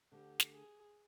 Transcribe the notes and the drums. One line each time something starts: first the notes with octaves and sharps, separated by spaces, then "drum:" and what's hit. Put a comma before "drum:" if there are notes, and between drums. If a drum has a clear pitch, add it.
D2 D3 G4
drum: snare
G#4